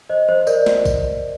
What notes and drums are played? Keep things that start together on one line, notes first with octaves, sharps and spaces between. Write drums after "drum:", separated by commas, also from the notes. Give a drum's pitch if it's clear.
C5 D#5
C5
A#4 D5, drum: tambourine
drum: snare
drum: kick A#1, tambourine